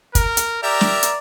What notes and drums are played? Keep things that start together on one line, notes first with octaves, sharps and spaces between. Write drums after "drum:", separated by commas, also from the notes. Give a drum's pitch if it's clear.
A#4, drum: kick, hi-hat
drum: hi-hat
G4 A#4 D5 E5 A#5
drum: snare
drum: hi-hat